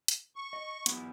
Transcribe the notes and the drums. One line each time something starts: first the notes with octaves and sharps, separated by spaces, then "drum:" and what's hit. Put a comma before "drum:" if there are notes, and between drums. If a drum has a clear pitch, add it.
drum: hi-hat
C#6
D#5
B3 E4 G4, drum: hi-hat